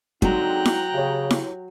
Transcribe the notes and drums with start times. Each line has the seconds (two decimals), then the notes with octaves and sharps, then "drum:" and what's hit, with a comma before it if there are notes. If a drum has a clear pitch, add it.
0.22 D3 F#3 G#3 C4 D#4 G5 A#5 F#6, drum: kick G1
0.65 drum: snare E4
0.95 C#3 G4 C#5
1.31 drum: snare E4